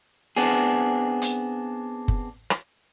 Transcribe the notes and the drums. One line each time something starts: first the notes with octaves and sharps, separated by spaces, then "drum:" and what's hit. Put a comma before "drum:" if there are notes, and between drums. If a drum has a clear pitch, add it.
B3 C4 D4 G#4
drum: hi-hat
drum: kick F#1
drum: rim click